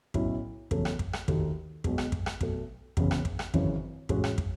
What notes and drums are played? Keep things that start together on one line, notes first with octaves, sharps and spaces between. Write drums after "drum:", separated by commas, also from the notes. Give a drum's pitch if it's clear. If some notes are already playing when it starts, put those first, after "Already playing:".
B1 A2 F#3 C#4 E4, drum: kick
E2 C#3 F#3 A3 C#4, drum: kick
drum: rim click
drum: kick
drum: rim click
D#2 D#3 A3 D#4 F#4, drum: kick
B1 B2 G#3, drum: kick
drum: rim click
drum: kick
drum: rim click
B1 B2 A3, drum: kick
F#1 E2 C#3, drum: kick
drum: rim click
drum: kick
drum: rim click
G#1 F#2 C#3 E3, drum: kick
A1 A2 G#3 C#4 F#4, drum: kick
drum: rim click
drum: kick